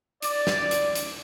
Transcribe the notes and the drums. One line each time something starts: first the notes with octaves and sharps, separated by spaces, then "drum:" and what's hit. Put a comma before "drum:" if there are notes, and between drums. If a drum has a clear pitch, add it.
D5, drum: hi-hat
drum: snare
drum: hi-hat
drum: hi-hat